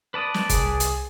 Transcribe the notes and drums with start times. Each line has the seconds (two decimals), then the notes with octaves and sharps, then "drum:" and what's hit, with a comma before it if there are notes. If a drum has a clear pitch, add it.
0.14 B4 D5 A5 D#6
0.34 drum: snare
0.50 C2 G#4, drum: kick, hi-hat
0.80 drum: hi-hat